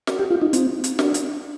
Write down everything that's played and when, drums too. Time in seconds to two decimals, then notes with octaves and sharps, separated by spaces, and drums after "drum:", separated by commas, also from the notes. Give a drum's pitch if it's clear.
0.07 drum: snare
0.19 G4
0.30 F4
0.41 D#4
0.53 C4, drum: hi-hat
0.84 drum: hi-hat
0.99 D4, drum: snare
1.14 drum: hi-hat